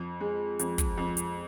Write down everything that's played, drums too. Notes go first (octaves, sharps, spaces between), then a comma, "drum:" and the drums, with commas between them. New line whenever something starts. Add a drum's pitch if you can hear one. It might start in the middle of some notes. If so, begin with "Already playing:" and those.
Already playing: F2
G#3
F2, drum: hi-hat
drum: kick, hi-hat
F2
drum: hi-hat